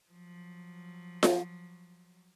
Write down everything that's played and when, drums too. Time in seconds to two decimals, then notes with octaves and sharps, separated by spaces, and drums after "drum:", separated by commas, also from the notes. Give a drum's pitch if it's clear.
0.11 F3 F#3
1.23 drum: snare F4